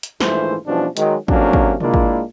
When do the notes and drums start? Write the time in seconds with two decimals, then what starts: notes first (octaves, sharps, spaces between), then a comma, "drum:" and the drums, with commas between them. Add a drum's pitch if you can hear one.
0.03 drum: hi-hat
0.21 A#1 G#2 E3 A3 F4 C5, drum: snare
0.66 B2 E3 F3 G3 C#4 D4
0.97 D#3 F#3 G#3, drum: hi-hat
1.28 F2 C3 F#3 A#3 C#4 D4, drum: kick
1.53 drum: kick
1.80 A#2 G#3 A#3 D4 E4 F4, drum: tom B2
1.94 drum: kick